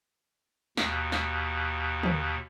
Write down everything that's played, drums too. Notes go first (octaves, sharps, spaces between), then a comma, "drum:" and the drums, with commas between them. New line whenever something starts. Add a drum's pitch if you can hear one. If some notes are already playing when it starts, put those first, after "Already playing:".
D#2 B2, drum: snare
drum: snare
drum: tom D3